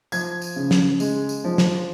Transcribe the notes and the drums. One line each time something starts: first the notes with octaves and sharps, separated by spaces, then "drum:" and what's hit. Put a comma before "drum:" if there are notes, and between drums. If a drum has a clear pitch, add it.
F3 G#6, drum: tambourine
drum: tambourine
C#3
drum: snare
G#3, drum: tambourine
drum: tambourine
F3
drum: snare